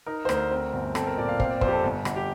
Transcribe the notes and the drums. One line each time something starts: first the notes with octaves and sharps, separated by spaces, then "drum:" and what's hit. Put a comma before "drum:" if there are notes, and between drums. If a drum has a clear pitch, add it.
D#4 A#4
C5
D2 A#4, drum: rim click
C4
G1
C4 A4, drum: rim click
A#4
A#2 D5
F5
C4 F5, drum: kick
D5
F2 C5, drum: kick
G4
A4
G1
G1, drum: rim click
G4